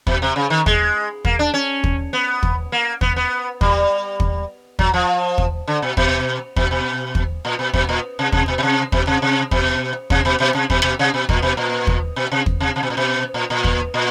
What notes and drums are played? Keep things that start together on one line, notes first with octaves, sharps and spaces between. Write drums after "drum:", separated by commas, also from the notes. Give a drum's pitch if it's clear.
B2, drum: kick
C3
C#3
D#3
G#3, drum: kick
A#3, drum: kick
D4
C#4
drum: kick
B3
drum: kick
A#3
B3, drum: kick
B3
G3, drum: kick
drum: kick
F#3, drum: kick
F3
drum: kick
D3
B2
B2, drum: kick
B2, drum: kick
B2
drum: kick
A#2
B2
B2, drum: kick
A#2
C3
C3, drum: kick
B2
B2
C3
B2, drum: kick
C3
C3
B2, drum: kick
C3, drum: kick
B2
B2
C3
B2, drum: kick
B2
C3
B2
A#2, drum: kick
B2
A#2
drum: kick
B2
C3
drum: kick
C3
C3
B2
A#2
B2
A#2
A#2
drum: kick
A#2